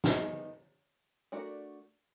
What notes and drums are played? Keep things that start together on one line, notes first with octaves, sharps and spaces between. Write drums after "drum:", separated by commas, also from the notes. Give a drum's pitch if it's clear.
D#3 G3 B3 D#4 G#4, drum: snare
A3 D4 F#4 A#4 D5